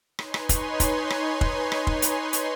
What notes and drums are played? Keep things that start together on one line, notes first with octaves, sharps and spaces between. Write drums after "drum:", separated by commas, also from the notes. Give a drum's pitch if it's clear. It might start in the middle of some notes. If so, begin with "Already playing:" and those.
D#4 B4 C#5 G#5 C6, drum: rim click
drum: rim click
drum: kick, hi-hat
drum: kick, hi-hat
drum: rim click
drum: kick
drum: rim click
drum: kick
drum: hi-hat
drum: hi-hat